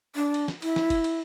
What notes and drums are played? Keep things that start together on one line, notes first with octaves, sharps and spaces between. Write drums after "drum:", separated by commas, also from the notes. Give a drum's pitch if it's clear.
D4
drum: cymbal
drum: snare
E4, drum: cymbal
drum: snare
drum: kick, cymbal
drum: cymbal